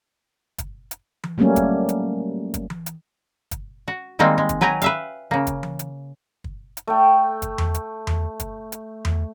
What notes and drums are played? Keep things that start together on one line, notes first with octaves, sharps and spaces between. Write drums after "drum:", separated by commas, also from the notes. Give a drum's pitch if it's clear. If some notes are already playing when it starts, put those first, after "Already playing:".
drum: kick, hi-hat
drum: hi-hat
drum: tom E3
F#3 G3 A3 A#3 C#4
drum: kick, hi-hat
drum: hi-hat
drum: kick, hi-hat
drum: tom E3
drum: hi-hat
drum: kick, hi-hat
F#4
D#3 G3 G#3 A#3 C4 D#4
G#3
drum: kick, hi-hat
F#3 B4 G5 G#5 A#5
B4 E5 F5, drum: hi-hat
C#3 A#3
drum: kick, hi-hat
drum: tom E3
drum: hi-hat
drum: kick
drum: hi-hat
A3 G5
drum: kick, hi-hat
drum: tom E2
drum: hi-hat
drum: tom E2
drum: kick, hi-hat
drum: hi-hat
drum: tom E2